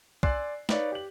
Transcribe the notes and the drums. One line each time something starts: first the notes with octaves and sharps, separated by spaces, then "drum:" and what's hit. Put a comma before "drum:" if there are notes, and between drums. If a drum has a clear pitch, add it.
D5 G#5 C6 E6 F#6 C7, drum: kick
D#4 B4 C#5 D5 F5, drum: snare
G4 F#7